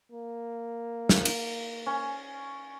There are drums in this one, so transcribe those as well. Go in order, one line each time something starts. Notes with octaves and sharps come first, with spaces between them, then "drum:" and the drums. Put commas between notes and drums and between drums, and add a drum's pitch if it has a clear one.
A#3
drum: snare
drum: cymbal
C#4